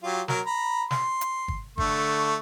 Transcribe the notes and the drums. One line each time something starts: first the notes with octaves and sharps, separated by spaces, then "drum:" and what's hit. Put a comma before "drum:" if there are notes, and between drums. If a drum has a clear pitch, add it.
F#3 F4 G4
F#3 A#4, drum: snare
A#5 B5
C6, drum: snare
drum: hi-hat
drum: kick
D3 A3 C#6, drum: kick